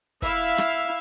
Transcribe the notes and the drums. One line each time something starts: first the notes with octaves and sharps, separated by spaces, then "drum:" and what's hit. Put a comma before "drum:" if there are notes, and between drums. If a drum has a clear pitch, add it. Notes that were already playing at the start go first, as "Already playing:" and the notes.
E4 E5 F5, drum: kick, hi-hat
drum: rim click